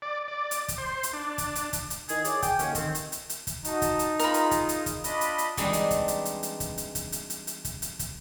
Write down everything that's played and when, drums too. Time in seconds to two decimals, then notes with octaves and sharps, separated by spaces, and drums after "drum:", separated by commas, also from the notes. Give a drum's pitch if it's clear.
0.02 D5
0.28 D5
0.51 drum: hi-hat
0.68 drum: kick, hi-hat
0.78 C5
1.03 drum: hi-hat
1.13 D4
1.38 drum: kick, hi-hat
1.55 drum: hi-hat
1.73 drum: kick, hi-hat
1.90 drum: hi-hat
2.09 D#3 E4 G#4, drum: hi-hat
2.24 G#4 C#5 D5, drum: hi-hat
2.42 G5 G#5, drum: kick, hi-hat
2.59 D#2 D3 C#4, drum: hi-hat
2.75 D#3 C4, drum: kick, hi-hat
2.95 drum: hi-hat
3.12 drum: hi-hat
3.29 drum: hi-hat
3.47 drum: kick, hi-hat
3.65 D#4 F#4 A5, drum: hi-hat
3.82 drum: kick, hi-hat
3.99 drum: hi-hat
4.19 F4 G#4 A#4 B5, drum: hi-hat
4.34 drum: hi-hat
4.51 drum: kick, hi-hat
4.69 drum: hi-hat
4.86 drum: kick, hi-hat
5.04 D4 F4 D#5 B5, drum: hi-hat
5.21 drum: hi-hat
5.38 drum: hi-hat
5.57 E3 G3 G#3 C4 D4 D#4, drum: kick, hi-hat
5.73 drum: hi-hat
5.91 drum: kick, hi-hat
6.08 drum: hi-hat
6.25 drum: hi-hat
6.43 drum: hi-hat
6.60 drum: kick, hi-hat
6.78 drum: hi-hat
6.95 drum: kick, hi-hat
7.12 drum: hi-hat
7.30 drum: hi-hat
7.47 drum: hi-hat
7.65 drum: kick, hi-hat
7.82 drum: hi-hat
7.99 drum: kick, hi-hat